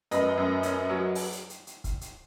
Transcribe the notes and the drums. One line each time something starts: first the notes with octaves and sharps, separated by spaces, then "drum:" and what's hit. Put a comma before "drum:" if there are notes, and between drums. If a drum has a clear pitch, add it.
F#2 B4 D#5, drum: hi-hat
F#2
C#4, drum: hi-hat
F#3
drum: open hi-hat
drum: hi-hat
drum: hi-hat
drum: hi-hat
drum: kick, hi-hat
drum: hi-hat